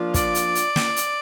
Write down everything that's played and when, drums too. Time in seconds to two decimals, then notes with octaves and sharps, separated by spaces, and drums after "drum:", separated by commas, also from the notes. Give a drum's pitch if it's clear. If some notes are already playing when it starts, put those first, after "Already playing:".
Already playing: F3 A#3 D4 F4
0.14 D5, drum: kick, hi-hat
0.35 drum: hi-hat
0.55 drum: hi-hat
0.76 drum: snare
0.96 drum: hi-hat